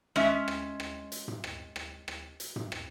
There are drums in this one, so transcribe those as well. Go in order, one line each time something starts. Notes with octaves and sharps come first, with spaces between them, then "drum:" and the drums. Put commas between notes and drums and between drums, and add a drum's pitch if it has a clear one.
G#3 C#4 E5, drum: rim click
drum: rim click
drum: rim click
drum: hi-hat
drum: tom
drum: rim click
drum: rim click
drum: rim click
drum: hi-hat
drum: tom
drum: rim click